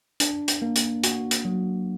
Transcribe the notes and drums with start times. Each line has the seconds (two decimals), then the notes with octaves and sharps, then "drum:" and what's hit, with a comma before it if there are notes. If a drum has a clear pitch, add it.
0.20 D4, drum: hi-hat
0.48 drum: hi-hat
0.62 A#3
0.76 drum: hi-hat
1.04 F#4, drum: hi-hat
1.31 drum: hi-hat
1.45 F#3